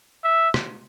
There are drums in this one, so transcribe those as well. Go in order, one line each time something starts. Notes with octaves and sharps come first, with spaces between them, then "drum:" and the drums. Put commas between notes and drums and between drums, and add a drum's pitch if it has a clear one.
E5
drum: rim click